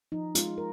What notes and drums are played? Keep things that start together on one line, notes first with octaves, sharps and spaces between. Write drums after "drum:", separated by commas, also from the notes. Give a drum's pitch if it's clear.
F3 D#4
G#3 F4, drum: hi-hat
A#4